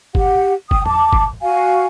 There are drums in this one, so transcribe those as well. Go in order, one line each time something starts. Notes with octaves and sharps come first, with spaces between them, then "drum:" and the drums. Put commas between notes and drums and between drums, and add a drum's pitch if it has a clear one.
G4 F#5, drum: kick
G5 D#6, drum: kick
A5 D6, drum: tom E2
drum: kick
F#4 F5 G#5